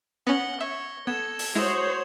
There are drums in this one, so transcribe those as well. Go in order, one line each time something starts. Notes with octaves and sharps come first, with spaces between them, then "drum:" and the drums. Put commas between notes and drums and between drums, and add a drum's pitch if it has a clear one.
B3 C#4 F#5 A#6 C#7 G7
C#5 E5
B3 A4 G#6 E7
drum: open hi-hat
G#3 E4 F#4 C5 C#5 D#6 E7 F7